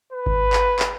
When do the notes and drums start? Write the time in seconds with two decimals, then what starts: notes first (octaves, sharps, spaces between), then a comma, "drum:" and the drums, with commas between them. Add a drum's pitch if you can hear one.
0.13 B4
0.26 drum: kick G#1
0.53 drum: clap
0.79 drum: clap